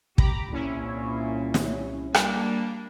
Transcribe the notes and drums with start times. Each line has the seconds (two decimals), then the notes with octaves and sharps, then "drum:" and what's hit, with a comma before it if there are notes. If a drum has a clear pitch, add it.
0.18 G4 A#5 B5 D6, drum: kick
0.52 C2 A#2 C#4 E4
1.54 drum: snare
2.14 G3 A#3 D4, drum: rim click